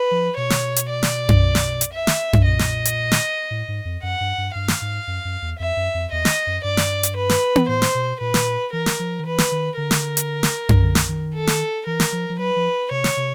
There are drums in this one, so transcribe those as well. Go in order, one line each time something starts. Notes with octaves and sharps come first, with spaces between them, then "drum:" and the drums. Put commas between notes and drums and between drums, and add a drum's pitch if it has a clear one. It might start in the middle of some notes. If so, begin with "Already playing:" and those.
Already playing: B4
F3
B2 C#5
drum: snare
drum: hi-hat
D5
drum: snare
drum: tom F#2
drum: snare
drum: hi-hat
E5
drum: snare
drum: tom F#2
A#2 D#5
drum: snare
drum: hi-hat
drum: snare
A2
G#2
F2
F#2 F#5
G2
G2
G2 F5
drum: snare
G#2
F#2
F#2
E2
F2 E5
F#2
F2
E2 D#5
drum: snare
F#2
G2 D5
drum: snare
drum: hi-hat
B4
drum: snare
drum: tom B3
A2 C5
drum: snare
B2
A#2 B4
drum: snare
E3 A#4
drum: snare
F3
D#3
E3 B4
drum: snare
D#3
D3 A#4
drum: snare
drum: hi-hat
drum: snare
drum: tom F#2
D3
drum: snare
D#3
A4
drum: snare
E3 A#4
drum: snare
F3
F3
F#3 B4
F3
C3 C#5
drum: snare
C3